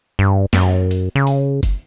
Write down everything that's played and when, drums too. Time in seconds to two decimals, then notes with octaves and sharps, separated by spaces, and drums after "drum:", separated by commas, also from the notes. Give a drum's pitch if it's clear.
0.19 G2
0.53 F#2, drum: snare
0.91 drum: hi-hat
1.15 C#3
1.27 drum: hi-hat
1.63 drum: kick F#1, hi-hat